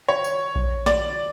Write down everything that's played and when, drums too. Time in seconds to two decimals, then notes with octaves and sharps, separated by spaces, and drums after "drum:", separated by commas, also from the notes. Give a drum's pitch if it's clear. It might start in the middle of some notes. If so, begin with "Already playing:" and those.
0.08 C#5
0.24 drum: tambourine
0.56 drum: kick A#1
0.86 D5, drum: snare